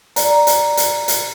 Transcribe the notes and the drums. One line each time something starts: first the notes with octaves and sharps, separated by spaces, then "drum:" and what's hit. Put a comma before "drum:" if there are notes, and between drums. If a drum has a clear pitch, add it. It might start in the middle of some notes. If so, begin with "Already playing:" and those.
D5 A#5, drum: hi-hat
drum: hi-hat
drum: hi-hat
drum: hi-hat